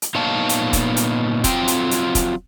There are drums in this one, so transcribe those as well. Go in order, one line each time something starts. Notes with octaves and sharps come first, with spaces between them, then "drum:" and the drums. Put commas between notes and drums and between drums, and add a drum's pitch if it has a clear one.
drum: hi-hat
A#2 B3 D#4 C#5 F5 A5
drum: hi-hat
drum: kick, hi-hat
drum: hi-hat
F#3 C4 F4 G5, drum: kick, hi-hat
drum: hi-hat
drum: hi-hat
drum: kick, hi-hat